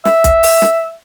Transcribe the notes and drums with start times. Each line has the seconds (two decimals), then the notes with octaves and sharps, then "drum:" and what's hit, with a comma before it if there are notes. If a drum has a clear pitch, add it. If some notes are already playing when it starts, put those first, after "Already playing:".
0.05 E5, drum: snare
0.24 drum: kick B1, hi-hat
0.43 drum: open hi-hat
0.62 drum: snare